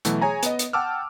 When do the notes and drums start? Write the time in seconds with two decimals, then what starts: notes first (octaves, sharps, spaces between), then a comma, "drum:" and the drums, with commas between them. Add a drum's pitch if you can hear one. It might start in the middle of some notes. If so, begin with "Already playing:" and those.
0.05 B2 E3 F#3 A3, drum: hi-hat
0.21 G#4 C#5 G#5 A#5
0.43 B3 D#5, drum: hi-hat
0.59 drum: hi-hat
0.73 F#5 G5 A5 D6 E6 F6